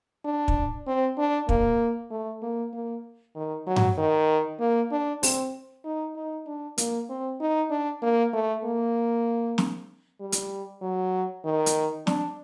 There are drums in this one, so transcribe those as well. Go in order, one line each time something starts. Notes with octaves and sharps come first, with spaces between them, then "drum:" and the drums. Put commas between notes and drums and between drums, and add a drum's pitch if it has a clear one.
D4
drum: kick
C4
D4
A#3, drum: kick
A3
A#3
A#3
D#3
F#3
drum: tom G2
D#3
A#3
D4
C4, drum: open hi-hat
D#4
D#4
D4
A#3, drum: hi-hat
C4
D#4
D4
A#3
A3
A#3
drum: snare
G3
drum: hi-hat
F#3
D#3
drum: hi-hat
D4, drum: snare